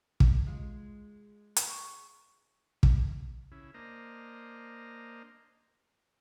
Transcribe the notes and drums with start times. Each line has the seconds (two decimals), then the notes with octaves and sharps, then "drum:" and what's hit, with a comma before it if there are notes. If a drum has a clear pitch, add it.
0.20 drum: kick
0.47 G#3 F4
1.56 drum: hi-hat
1.68 C#6
2.83 drum: kick
3.52 C#3 E4
3.74 A#3 D4 C5 D#5 A#5